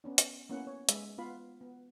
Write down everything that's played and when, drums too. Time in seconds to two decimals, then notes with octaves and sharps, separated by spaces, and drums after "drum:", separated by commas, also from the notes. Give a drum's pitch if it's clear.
0.04 B3 C#4 D4
0.18 drum: hi-hat
0.49 A#3 B3 C#4 E4 F#5
0.67 C#5
0.89 G#3 G#4 B4 E5, drum: hi-hat
1.18 B3 F4 B4 F5 B5
1.61 B3